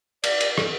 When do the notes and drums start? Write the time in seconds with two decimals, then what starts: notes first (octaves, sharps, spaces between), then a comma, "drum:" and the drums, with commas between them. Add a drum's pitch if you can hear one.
0.24 D5, drum: cymbal
0.41 drum: cymbal
0.58 drum: rim click